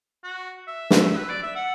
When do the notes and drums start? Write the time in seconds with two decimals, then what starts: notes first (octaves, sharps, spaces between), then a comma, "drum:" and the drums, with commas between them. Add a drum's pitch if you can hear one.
0.24 F#4
0.67 E5
0.90 drum: snare
1.16 B4
1.29 D5
1.43 E5
1.56 F#5